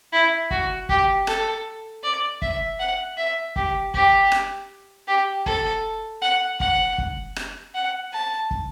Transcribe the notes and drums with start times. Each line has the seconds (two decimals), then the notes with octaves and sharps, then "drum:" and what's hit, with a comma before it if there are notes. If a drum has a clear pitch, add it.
0.13 E4
0.51 F#4, drum: kick
0.89 G4, drum: kick
1.27 A4, drum: rim click
2.03 D5
2.42 E5, drum: kick
2.79 F#5
3.17 E5
3.56 G4, drum: kick
3.94 G4, drum: kick
4.32 drum: rim click
5.08 G4
5.46 A4, drum: kick
6.22 F#5
6.60 F#5, drum: kick
6.98 drum: kick
7.36 drum: rim click
7.75 F#5
8.13 A5
8.51 drum: kick